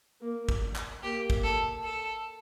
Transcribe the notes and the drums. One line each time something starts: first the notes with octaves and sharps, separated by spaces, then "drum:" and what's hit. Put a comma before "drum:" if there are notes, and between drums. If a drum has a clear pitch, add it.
A#3
drum: kick
drum: clap
A#3 G4
drum: kick
A4
A4